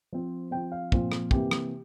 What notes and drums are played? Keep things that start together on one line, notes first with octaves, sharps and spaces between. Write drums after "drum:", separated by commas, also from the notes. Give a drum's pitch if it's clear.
F3 C4
F3 C4 G5
F5
A#2 F3 C4, drum: kick
drum: rim click
C3 E3 A#3 G4, drum: kick
drum: rim click